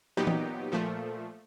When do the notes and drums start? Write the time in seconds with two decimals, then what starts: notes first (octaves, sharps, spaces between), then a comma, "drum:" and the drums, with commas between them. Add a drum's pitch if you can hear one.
0.17 A#2 F#3 B3 D#4 G4
0.27 drum: tom E3
0.72 A#2 F3 A3